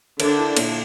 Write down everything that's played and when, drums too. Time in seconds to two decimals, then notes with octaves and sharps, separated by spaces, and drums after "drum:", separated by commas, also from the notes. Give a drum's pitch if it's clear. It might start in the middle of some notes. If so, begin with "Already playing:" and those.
0.20 D3 D4 A#4, drum: cymbal
0.39 E4
0.57 A#2, drum: cymbal